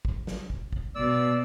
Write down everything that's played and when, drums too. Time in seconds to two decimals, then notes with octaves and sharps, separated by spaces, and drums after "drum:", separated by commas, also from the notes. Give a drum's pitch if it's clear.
0.05 drum: kick
0.27 drum: snare
0.50 drum: kick
0.73 drum: kick
0.95 B2 D5 E6